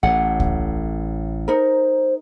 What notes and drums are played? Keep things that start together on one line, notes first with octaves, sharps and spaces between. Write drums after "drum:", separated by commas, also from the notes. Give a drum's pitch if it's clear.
A1 A2 F#5
drum: kick C#2
D#4 A#4 C5